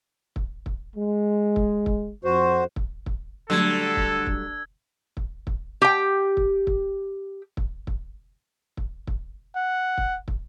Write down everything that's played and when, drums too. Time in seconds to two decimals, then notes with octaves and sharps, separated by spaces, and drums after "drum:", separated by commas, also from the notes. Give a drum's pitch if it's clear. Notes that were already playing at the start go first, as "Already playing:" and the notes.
0.36 drum: kick
0.66 drum: kick
0.96 G#3
1.56 drum: kick
1.86 drum: kick
2.25 F2 F#4 C5
2.76 drum: kick
3.06 drum: kick
3.50 D3 F#3 G3 A3 A4 E6 G#6
3.96 drum: kick
4.27 drum: kick
5.17 drum: kick
5.47 drum: kick
5.82 G4 G5
6.37 drum: kick
6.67 drum: kick
7.57 drum: kick
7.87 drum: kick
8.77 drum: kick
9.07 drum: kick
9.56 F#5
9.98 drum: kick
10.28 drum: kick